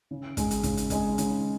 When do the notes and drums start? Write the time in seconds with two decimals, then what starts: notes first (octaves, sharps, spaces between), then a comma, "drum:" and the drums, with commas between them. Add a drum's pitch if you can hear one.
0.11 C#3
0.37 G#3 D#4 G#4, drum: kick, hi-hat
0.51 drum: hi-hat
0.63 C#3, drum: kick, hi-hat
0.77 drum: hi-hat
0.90 G#3 D#4 G#4, drum: kick, hi-hat
1.18 C#3, drum: hi-hat